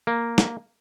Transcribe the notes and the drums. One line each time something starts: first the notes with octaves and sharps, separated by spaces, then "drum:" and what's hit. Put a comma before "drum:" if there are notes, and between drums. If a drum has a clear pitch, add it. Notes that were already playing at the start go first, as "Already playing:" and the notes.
A#3
drum: snare